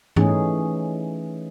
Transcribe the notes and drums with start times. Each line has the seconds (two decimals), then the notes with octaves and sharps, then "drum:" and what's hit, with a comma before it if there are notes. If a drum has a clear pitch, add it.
0.16 E3 A3 C#4 D#4 G#4, drum: tom G#2